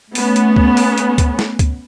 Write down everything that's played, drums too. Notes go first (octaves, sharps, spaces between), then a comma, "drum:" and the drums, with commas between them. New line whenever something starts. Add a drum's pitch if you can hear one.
A3 B3 C#4, drum: open hi-hat
drum: hi-hat
drum: kick
drum: open hi-hat
drum: hi-hat
drum: kick, hi-hat
drum: snare
drum: kick, hi-hat